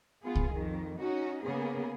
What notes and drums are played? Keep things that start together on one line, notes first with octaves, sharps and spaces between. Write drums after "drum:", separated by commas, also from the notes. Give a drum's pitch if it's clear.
B3 F4 G#4
drum: kick C2
F2 D#3
C#4 D#4 F#4
C#3 A#3 B3 G#4